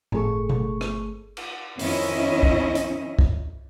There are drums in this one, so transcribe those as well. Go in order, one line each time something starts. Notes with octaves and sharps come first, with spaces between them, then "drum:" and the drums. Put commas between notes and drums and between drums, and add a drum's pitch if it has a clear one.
G1 A3 G#4 A4 C#6, drum: tom A2
drum: tom B2
drum: rim click
drum: cymbal
F2 D#3 C#4 E4 D#5, drum: open hi-hat
drum: kick
drum: hi-hat
drum: kick